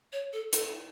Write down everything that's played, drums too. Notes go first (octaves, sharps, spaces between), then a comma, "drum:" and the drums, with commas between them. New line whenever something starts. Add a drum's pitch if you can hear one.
C#5
A4
A4, drum: hi-hat